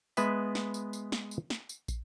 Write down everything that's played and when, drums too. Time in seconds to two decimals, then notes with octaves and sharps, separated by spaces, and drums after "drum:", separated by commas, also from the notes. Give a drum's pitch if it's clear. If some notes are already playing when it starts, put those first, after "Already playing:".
0.17 G#3 B3 B4 E5, drum: tambourine
0.55 drum: snare
0.74 drum: tambourine
0.93 drum: tambourine
1.12 drum: snare
1.31 drum: tambourine
1.50 drum: snare
1.69 drum: tambourine
1.88 drum: kick, tambourine